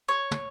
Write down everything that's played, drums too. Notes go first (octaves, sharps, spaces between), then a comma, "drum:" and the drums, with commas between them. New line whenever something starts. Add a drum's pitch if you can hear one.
C#5
drum: tom